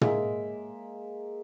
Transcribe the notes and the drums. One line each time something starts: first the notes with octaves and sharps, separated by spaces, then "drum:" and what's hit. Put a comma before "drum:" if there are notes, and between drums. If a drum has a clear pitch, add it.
G#3 A#3 E5, drum: tom